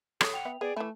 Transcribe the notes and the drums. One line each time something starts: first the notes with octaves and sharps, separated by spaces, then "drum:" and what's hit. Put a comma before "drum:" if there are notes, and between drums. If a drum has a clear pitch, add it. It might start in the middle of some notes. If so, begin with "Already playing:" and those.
G#4 A4 C#5 D#6, drum: rim click
F#5 G5 F7
B3 B4 E5
B3 G#4 D5
E3 A3 E4 A5